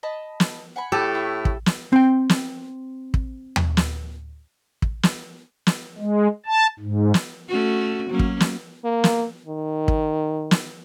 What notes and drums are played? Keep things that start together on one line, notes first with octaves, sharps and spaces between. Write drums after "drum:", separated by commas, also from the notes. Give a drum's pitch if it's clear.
D#5 A5 B5
drum: snare
F#5 G#5 B5
A2 G4 A4
E4 E5 C#6
drum: kick
drum: snare
C4 G5
drum: snare
drum: kick
drum: tom D#2
drum: snare
drum: kick
drum: snare
drum: snare
G#3
A5
G#2
drum: snare
A3 C#4 F#4
F#3 A#3 C#4
drum: kick
drum: snare
A#3
drum: snare
D#3
drum: kick
drum: snare